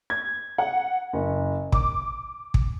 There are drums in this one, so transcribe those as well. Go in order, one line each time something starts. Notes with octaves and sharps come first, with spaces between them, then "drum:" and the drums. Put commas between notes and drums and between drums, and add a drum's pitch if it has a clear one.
G#6
F#5
F#1
D6, drum: kick
drum: kick